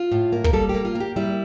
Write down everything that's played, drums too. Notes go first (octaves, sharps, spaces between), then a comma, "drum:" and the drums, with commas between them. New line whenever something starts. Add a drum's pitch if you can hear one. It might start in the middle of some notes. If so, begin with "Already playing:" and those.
Already playing: F4
A2
A#3
A#4, drum: kick
G3 A4
G4
A#3
F4
A#3
G4
G3 E4